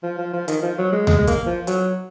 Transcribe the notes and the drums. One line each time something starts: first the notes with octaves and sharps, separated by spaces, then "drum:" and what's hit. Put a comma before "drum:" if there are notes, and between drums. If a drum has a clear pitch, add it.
F3
F3
F3
D#3, drum: hi-hat
F3
F#3
G#3
G#3, drum: tom D#2
G#3
A#3, drum: kick, hi-hat
F3
F#3, drum: hi-hat